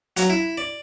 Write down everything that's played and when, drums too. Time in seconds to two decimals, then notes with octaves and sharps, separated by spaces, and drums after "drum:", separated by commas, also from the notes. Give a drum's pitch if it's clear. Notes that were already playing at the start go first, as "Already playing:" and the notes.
0.17 F#3, drum: hi-hat
0.30 E4
0.58 D5